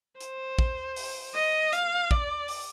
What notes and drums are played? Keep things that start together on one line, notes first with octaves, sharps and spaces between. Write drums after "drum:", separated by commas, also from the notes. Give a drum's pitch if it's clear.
C5, drum: hi-hat
drum: kick
drum: open hi-hat
D#5
F5, drum: hi-hat
D5, drum: kick
drum: open hi-hat